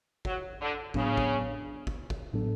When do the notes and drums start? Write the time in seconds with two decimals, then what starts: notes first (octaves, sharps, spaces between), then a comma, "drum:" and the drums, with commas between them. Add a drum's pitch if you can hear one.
0.25 F#3, drum: kick
0.60 D3
0.94 A2 C#3 F#3 B3 D4, drum: kick
1.17 drum: kick
1.87 drum: kick
2.10 drum: kick
2.33 A2 F#3 B3 D4 A4